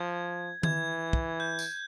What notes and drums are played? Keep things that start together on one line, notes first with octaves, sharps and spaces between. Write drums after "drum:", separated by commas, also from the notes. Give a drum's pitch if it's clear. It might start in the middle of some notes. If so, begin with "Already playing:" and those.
Already playing: F3 G#6
E3 G#6, drum: tom D#3
drum: kick
G6
drum: tambourine